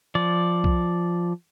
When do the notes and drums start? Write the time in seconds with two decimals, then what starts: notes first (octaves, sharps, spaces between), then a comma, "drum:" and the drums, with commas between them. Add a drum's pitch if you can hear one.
0.15 F3 D5
0.64 drum: kick B1